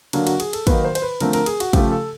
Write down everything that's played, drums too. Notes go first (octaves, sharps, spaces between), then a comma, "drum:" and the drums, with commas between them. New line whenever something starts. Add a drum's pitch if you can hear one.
D3 F#3 A#3 D4, drum: cymbal
F#4, drum: cymbal
G#4, drum: cymbal
A4, drum: cymbal
D#3 F#3 A#3 D#4 B4, drum: kick, cymbal
C5
C5, drum: cymbal
B4
D3 F3 A3 C4 A#4, drum: cymbal
A#4, drum: cymbal
G#4, drum: cymbal
F#4, drum: cymbal
C#3 F3 A3 G4, drum: kick, cymbal
A4